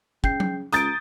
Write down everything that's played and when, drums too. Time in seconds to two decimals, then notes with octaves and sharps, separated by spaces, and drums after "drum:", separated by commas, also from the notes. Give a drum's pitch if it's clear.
0.24 C#3 G5 G6 C7, drum: kick
0.40 drum: tom F#3
0.73 C#2 A#5 D#6 G6 A6 D7, drum: hi-hat